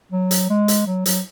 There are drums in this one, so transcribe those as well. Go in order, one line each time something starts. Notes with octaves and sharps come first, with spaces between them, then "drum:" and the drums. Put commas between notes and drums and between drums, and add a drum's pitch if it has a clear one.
F#3
drum: hi-hat
G#3
drum: hi-hat
F#3
F#3, drum: hi-hat